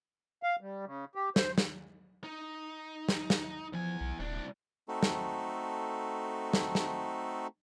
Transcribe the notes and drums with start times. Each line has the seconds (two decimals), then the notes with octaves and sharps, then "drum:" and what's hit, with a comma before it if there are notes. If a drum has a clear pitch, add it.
0.43 F5
0.61 G3
0.86 C#3
1.15 G4
1.36 C5, drum: snare
1.58 drum: snare
2.24 D#4
3.09 drum: snare
3.30 drum: snare
3.73 E2 F3 G#5
4.01 B1
4.19 D#1 C2 D4
4.88 A3 C4 D#4 F#4 A4
5.03 drum: snare
6.53 drum: snare
6.75 drum: snare